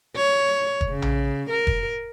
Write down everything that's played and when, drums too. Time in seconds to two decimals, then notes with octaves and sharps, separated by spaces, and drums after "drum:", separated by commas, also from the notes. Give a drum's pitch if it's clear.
0.16 C#5
0.81 drum: kick
0.90 C#3
1.02 drum: tom A#1
1.50 A#4
1.67 drum: kick